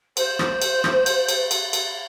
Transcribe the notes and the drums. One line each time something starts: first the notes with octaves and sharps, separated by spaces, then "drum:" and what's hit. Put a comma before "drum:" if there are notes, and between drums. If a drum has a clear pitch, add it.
C5, drum: cymbal
drum: rim click
drum: cymbal
drum: rim click
drum: cymbal
drum: cymbal
drum: cymbal
drum: cymbal